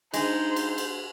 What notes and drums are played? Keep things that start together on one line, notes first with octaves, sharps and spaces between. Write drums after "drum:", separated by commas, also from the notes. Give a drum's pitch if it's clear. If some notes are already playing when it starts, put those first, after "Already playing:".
G#3 D4 D#4 G#4 C5 A5, drum: cymbal
drum: cymbal
drum: cymbal